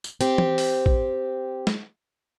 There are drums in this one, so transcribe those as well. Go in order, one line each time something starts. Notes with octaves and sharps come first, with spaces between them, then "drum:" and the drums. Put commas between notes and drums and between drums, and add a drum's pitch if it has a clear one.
drum: tambourine
C4 G4, drum: hi-hat
drum: tom E3
drum: open hi-hat
drum: kick
drum: snare